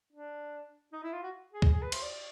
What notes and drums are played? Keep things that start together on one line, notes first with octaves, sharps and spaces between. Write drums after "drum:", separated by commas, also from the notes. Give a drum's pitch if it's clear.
D4
D#4
E4
F4
F#4
G#4
drum: kick C#2
G#4
B4
C5, drum: cymbal
D5